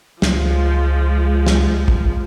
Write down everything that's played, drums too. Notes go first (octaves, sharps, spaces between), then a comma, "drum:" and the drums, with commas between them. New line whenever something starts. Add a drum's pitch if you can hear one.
C#2 F3 G#3, drum: snare
drum: snare
drum: kick